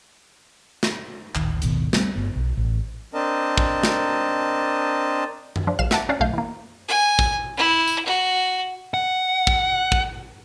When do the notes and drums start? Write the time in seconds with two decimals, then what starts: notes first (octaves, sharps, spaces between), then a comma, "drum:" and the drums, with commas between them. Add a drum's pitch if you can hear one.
0.83 drum: snare
1.35 D#1 A1 D#2 D#3, drum: clap
1.62 D1 G#1 B2 D#3, drum: hi-hat
1.93 G3 A3 B3 C4, drum: snare
2.15 G1 B3
2.35 B1
2.57 A1
3.14 C4 D4 A#4 D#5 A5
3.58 drum: kick
3.83 drum: snare
5.56 drum: tom F#2
5.67 F3 D4
5.79 A#1 F5 F6 E7
5.91 E5 F#5 A5 D6, drum: snare
6.09 C#4 D4 F5
6.20 B1 A3 F5 G6
6.34 E3 A#3
6.88 G#5
7.19 drum: kick
7.57 E4
7.87 drum: tambourine
8.06 F#4
8.94 F#5
9.47 drum: kick
9.92 drum: kick